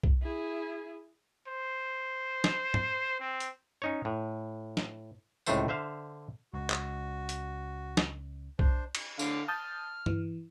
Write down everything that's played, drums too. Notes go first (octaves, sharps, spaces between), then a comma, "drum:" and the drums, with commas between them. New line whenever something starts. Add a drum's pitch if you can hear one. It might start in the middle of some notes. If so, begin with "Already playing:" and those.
drum: kick B1
E4 G#4
C5
drum: snare
drum: tom
C4
drum: hi-hat
C#4 D#4 C#5
A2
drum: snare
C#2 A2 C3 A3 C5 F#5, drum: tambourine
D3 C5 E5 F5
C#2 F#4
drum: clap
drum: hi-hat
drum: snare
D4 C5, drum: kick B1
drum: cymbal
D3 F5, drum: tambourine
A5 D#6 F6 G6
E3, drum: tom G2